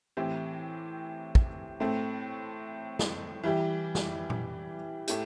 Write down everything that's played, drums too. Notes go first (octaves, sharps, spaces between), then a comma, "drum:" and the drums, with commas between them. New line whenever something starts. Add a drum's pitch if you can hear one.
A2 E3 C4 E4 G4
drum: kick
A2 A3 C4
drum: snare
E3 G3 E4 G4
drum: snare
drum: tom A#2
A2 A3 E4 G4, drum: hi-hat